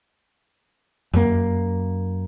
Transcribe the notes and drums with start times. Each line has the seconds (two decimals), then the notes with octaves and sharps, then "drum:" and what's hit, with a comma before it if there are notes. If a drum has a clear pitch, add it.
1.14 F#2 A#3, drum: tom F2